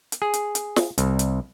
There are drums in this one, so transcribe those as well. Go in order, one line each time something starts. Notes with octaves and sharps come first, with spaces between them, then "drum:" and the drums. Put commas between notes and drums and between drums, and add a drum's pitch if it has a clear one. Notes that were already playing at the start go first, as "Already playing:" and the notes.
drum: hi-hat
G#4
drum: hi-hat
drum: hi-hat
drum: snare
C2, drum: hi-hat
drum: hi-hat